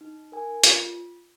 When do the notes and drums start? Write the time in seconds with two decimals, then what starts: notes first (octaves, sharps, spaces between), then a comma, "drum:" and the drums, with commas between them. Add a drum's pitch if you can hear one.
0.01 D#4
0.32 A#4 G#5
0.64 F4, drum: hi-hat